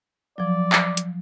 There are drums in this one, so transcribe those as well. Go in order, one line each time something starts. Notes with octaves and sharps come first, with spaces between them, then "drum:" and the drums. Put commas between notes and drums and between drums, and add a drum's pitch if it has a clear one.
F3 F#3 D5
drum: clap
drum: hi-hat